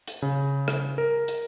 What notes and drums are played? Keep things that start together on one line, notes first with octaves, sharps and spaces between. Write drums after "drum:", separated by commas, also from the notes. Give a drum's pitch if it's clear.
drum: hi-hat
C#3
drum: rim click
A#4
drum: hi-hat